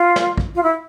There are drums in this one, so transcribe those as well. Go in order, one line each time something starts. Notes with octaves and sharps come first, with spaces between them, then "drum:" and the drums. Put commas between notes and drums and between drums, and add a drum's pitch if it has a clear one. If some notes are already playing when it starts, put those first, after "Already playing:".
Already playing: F4
drum: snare
drum: kick
F4
E4